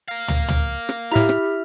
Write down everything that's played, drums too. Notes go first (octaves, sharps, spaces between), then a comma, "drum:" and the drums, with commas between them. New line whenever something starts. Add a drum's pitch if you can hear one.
A#4 F5
drum: tom
drum: tom
drum: rim click
A2 E4 G4 E5 A#5 F6
drum: rim click